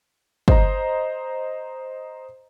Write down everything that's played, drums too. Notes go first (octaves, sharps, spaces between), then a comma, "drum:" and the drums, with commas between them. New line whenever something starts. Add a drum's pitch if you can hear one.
C5 D#5 A#5, drum: kick